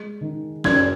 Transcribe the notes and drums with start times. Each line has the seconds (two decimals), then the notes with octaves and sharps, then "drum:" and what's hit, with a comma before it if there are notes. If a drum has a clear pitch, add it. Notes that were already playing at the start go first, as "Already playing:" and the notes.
Already playing: G#3
0.21 D#3
0.64 F#2 G#6, drum: snare